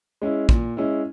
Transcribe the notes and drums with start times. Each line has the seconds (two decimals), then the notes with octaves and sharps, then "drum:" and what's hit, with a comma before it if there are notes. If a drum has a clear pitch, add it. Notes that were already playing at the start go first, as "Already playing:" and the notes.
0.22 G#3 C#4 E4
0.49 A#2, drum: kick
0.77 G#3 C#4 E4